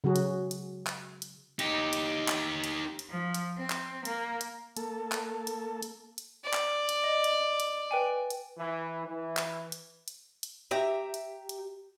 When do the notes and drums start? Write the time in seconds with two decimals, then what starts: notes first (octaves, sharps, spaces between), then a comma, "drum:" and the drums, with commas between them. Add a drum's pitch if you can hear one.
0.04 C#3 F#3 F#4 G#4
0.16 drum: hi-hat
0.51 drum: hi-hat
0.86 drum: clap
1.22 drum: hi-hat
1.59 D#4 G4, drum: hi-hat
1.93 drum: hi-hat
2.28 drum: clap
2.64 drum: hi-hat
2.99 drum: hi-hat
3.10 F3
3.34 drum: hi-hat
3.58 C4
3.70 drum: clap
4.05 A#3, drum: hi-hat
4.41 drum: hi-hat
4.77 A#3 A4, drum: hi-hat
5.12 drum: clap
5.47 drum: hi-hat
5.82 drum: hi-hat
6.18 drum: hi-hat
6.44 D5
6.53 drum: clap
6.89 drum: hi-hat
7.04 D#5
7.24 drum: hi-hat
7.60 drum: hi-hat
7.91 B4 G5 G#5
8.31 drum: hi-hat
8.57 E3
9.05 E3
9.37 drum: clap
9.72 drum: hi-hat
10.08 drum: hi-hat
10.43 drum: hi-hat
10.71 G4 E5 A#5
11.14 drum: hi-hat
11.49 drum: hi-hat